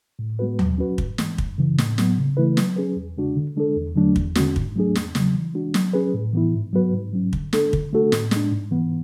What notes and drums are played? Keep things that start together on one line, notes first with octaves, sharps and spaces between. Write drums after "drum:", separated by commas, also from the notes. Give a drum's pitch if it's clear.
A2
G#3 B3 F#4 B4
F#3, drum: tom D#2
C#4 F#4 B4
G#2, drum: kick
E3 G#3, drum: snare
F#2, drum: kick
C#3 E3
A2, drum: snare
F#3 B3, drum: snare
C#3
E3 A3 E4 B4
F#3, drum: snare
C#4 G#4 B4
E2
C#3 G#3 D4 F#4
D3
G#3 D4 A4
E2
D3 F#3 A3 D4
E2, drum: kick
D3 G#3 C#4 F#4, drum: snare
G#2, drum: kick
F#3 A3 D4 G#4
E2, drum: snare
C#3 F#3, drum: snare
E3
G#3 D4 F#4
F#3, drum: snare
C#4 G#4 B4
A2
E3 B3 E4
G#2
F#3 B3 F#4 B4
G#2
F#3 C#4
D3, drum: kick
G#3 D4 A4, drum: snare
D3, drum: kick
A3 D4 F#4 A4
A2, drum: snare
G#3 D4, drum: snare
G#2
E3 B3